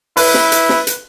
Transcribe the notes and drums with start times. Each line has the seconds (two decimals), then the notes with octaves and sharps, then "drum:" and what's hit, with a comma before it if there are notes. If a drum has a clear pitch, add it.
0.17 E4 B4, drum: open hi-hat
0.34 drum: snare
0.52 drum: hi-hat
0.69 drum: snare
0.87 drum: hi-hat